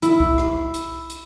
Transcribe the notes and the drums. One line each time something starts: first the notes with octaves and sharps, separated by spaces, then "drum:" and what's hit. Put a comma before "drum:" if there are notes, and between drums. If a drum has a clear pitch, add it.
E4, drum: hi-hat
drum: kick C2
drum: rim click
drum: hi-hat
drum: hi-hat